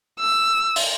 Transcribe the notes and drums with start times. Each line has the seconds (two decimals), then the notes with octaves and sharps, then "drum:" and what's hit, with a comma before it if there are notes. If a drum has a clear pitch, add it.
0.20 E6
0.76 drum: open hi-hat